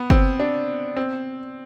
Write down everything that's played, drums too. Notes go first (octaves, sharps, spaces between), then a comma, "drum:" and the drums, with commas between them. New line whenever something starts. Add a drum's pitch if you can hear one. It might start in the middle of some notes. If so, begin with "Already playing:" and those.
Already playing: B3
C4, drum: kick G1
D4
C4